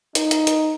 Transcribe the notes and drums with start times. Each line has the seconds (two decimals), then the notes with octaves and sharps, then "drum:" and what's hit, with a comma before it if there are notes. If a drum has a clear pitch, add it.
0.15 D#4, drum: hi-hat
0.31 drum: hi-hat
0.47 drum: hi-hat